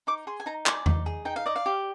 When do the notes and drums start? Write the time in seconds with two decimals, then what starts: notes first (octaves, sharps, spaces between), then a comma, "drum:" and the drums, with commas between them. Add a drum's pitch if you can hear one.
0.07 D#4 D6
0.27 G#4 C6
0.40 G#5
0.46 D#4 A#5
0.66 D5 G#5, drum: clap
0.86 D#4, drum: tom E2
1.06 G#4
1.25 D#4 G5
1.36 F5
1.46 D5 D#5
1.56 F5
1.66 G4